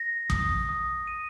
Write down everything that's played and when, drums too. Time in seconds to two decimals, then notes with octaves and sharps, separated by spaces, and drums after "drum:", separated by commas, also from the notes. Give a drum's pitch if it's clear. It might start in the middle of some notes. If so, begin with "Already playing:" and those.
Already playing: A#6
0.30 D#6, drum: kick
0.69 D#6
1.07 D#7